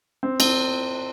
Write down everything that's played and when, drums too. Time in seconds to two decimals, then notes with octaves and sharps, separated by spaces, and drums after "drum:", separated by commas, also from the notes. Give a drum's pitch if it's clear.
0.23 C4
0.40 C4, drum: cymbal